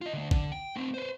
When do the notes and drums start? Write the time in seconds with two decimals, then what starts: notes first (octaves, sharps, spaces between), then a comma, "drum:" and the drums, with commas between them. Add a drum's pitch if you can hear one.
0.01 F4 D#5
0.13 D3 A3
0.31 D3, drum: kick A1
0.52 G5
0.76 A3 C4
0.94 B4 C5